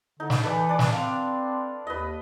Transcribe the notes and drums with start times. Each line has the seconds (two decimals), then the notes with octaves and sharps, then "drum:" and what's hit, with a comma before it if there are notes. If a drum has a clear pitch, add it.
0.20 D3 D#4
0.30 drum: snare
0.43 E3 A4 B4 D5
0.69 D4 D5
0.79 drum: snare
0.92 C4 F5
1.87 D#2 B4 D#5